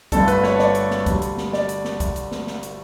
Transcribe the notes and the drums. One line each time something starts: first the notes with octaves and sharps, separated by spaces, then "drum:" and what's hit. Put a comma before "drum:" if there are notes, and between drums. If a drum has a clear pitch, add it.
G1 G2 D3 A3 D4 A4, drum: kick, hi-hat
B4, drum: hi-hat
C#5, drum: snare
D5, drum: snare
drum: hi-hat
drum: snare
D2 D3 G3, drum: kick, hi-hat
drum: hi-hat
drum: snare
D5, drum: snare
drum: hi-hat
drum: snare
drum: kick, hi-hat
drum: hi-hat
drum: snare
drum: snare
drum: hi-hat